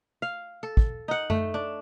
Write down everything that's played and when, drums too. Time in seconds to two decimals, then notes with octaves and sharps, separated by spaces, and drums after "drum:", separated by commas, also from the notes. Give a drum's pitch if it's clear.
0.22 F5
0.63 A4
0.77 drum: kick
1.08 D#4 F#5
1.30 A3, drum: tom F#2
1.54 D4